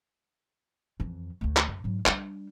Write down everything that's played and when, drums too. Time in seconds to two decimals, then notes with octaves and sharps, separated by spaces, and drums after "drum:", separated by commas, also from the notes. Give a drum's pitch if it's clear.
1.00 F2 E3
1.41 D2 A3
1.56 drum: clap
1.67 F#2
1.84 G#2 F#3
2.06 G3 D4, drum: clap